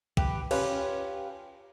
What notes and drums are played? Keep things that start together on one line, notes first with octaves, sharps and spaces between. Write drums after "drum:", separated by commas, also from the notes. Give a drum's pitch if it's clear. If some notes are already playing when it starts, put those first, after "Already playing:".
G4 B4, drum: kick
C#4 F4 G4 B4, drum: cymbal